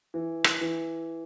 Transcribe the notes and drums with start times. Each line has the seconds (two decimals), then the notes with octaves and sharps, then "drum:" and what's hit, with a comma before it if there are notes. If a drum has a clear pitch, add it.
0.14 E3
0.44 drum: rim click
0.61 E3